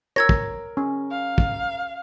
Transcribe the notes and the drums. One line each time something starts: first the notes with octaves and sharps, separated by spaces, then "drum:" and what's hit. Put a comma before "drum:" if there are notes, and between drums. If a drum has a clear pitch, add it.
A#4 C#5 E6 G#6 A#6
drum: kick
C#4
F5
drum: kick